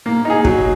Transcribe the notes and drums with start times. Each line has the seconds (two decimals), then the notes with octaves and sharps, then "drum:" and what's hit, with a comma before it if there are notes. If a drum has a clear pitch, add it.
0.06 A#3
0.25 D#4 G#4
0.45 F#3, drum: kick